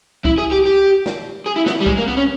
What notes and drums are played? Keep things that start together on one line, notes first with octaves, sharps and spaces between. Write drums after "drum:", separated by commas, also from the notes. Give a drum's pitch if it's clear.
E4, drum: kick C2
G#4
G4
G4
drum: snare
G#4
E4
B3, drum: snare
G3
G#3, drum: kick C2
A#3
B3
C#4